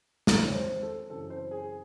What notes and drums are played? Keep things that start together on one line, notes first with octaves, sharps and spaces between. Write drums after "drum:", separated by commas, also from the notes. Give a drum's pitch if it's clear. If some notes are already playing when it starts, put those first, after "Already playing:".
E2 D#3 G#3 C4 A4, drum: snare
C#5
C5
A4
F#2 C#3 E3 C4 A4
C5
G#4